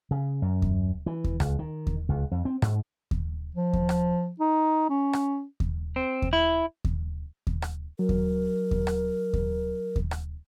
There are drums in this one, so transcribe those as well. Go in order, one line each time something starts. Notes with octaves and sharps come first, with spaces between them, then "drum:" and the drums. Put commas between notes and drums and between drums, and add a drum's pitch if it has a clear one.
C#3
F#2
drum: kick D#2
E3
drum: kick D#2
C#2, drum: rim click
D#3
drum: kick D#2
C#2
F2
C4
G#2, drum: rim click
drum: kick D#2
F3
drum: kick D#2
drum: rim click
D#4
C#4
drum: rim click
drum: kick D#2
C4
drum: kick D#2
E4
drum: kick D#2
drum: kick D#2
drum: rim click
F#3 A#4
drum: kick D#2
drum: kick D#2
drum: rim click
drum: kick D#2
drum: kick D#2
drum: rim click